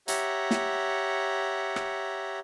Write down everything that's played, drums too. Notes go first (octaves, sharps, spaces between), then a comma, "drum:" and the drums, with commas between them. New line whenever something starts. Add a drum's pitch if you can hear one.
G4 C#5 E5 F#5 A#5, drum: hi-hat
drum: snare
drum: rim click